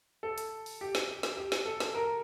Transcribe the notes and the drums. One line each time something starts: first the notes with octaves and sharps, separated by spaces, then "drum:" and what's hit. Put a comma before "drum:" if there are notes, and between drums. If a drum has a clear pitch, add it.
A4
drum: hi-hat
drum: open hi-hat
G4
drum: snare
drum: snare
G4
drum: snare
A4
drum: snare
A#4